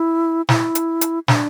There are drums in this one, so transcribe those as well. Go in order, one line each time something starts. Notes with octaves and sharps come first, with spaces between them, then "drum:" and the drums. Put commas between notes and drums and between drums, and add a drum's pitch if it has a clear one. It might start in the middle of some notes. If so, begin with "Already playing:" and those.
Already playing: E4
E4, drum: snare
drum: hi-hat
drum: hi-hat
D4, drum: snare